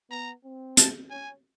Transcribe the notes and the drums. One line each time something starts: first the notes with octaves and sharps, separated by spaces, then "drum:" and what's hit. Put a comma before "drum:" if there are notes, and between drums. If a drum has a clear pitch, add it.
B3 A#5
C4
A5, drum: hi-hat
C#4 G#5